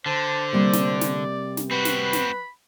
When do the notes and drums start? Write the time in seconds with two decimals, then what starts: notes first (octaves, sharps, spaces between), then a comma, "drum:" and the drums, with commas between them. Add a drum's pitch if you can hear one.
0.06 D3 C5 A5
0.53 C3 G3 A#3 D5
0.73 drum: snare
1.01 drum: snare
1.57 drum: snare
1.71 C4 F#4 B4 B5
1.85 drum: snare
2.13 drum: snare